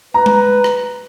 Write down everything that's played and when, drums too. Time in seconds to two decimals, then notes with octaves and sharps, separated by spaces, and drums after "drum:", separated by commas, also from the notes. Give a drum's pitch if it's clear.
0.14 B4 A#5
0.26 drum: tom G#3
0.64 drum: rim click